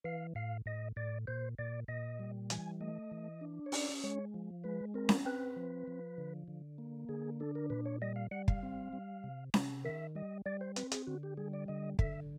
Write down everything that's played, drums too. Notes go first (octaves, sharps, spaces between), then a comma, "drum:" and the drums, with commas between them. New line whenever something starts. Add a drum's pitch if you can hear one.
E3 F5
A2 F5
A2 D#5
A2 D5
A#2 C5
A#2 D5
A#2 D#5
G3
E3 G#5, drum: hi-hat
A3 D#5
E3
D4
C#5
C#4 D5, drum: open hi-hat
G#3 C#5
F3
G#3 B4
C4 A#4
drum: snare C#4
C4 B4
F3
F3
D3
D3
A#3
D3 G#4
D4 A4
A#4
A#2 B4
C#5
G3 D#5
F5
G3 F#5
F5, drum: kick
C4
G3
C3
C3, drum: snare C#4
D#3 E5
G3 D#5
G3 D5
C5
C4 B4, drum: hi-hat
G#4, drum: hi-hat
D3 F#4
G4
G3 G#4
D5
D3 D#5
D3 E5, drum: kick